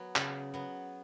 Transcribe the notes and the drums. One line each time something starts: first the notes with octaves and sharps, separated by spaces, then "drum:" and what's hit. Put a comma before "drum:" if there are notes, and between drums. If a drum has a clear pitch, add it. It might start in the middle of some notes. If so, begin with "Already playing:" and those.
Already playing: F#3 B3
C#3, drum: clap
F#3 B3